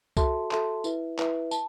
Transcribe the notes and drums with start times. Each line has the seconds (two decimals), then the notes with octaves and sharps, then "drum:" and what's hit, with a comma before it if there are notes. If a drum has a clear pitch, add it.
0.17 F#4 A4 E5 A5 C6, drum: kick C2, tambourine
0.51 F#4 A4 E5 A5 C6, drum: clap
0.84 E4 B4 E5, drum: tambourine
1.18 E4 B4 E5, drum: clap
1.51 A5, drum: tambourine